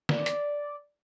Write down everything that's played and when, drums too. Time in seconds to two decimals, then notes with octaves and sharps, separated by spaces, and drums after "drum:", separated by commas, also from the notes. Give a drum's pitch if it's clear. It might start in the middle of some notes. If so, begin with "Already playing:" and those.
0.09 D5, drum: snare
0.26 drum: hi-hat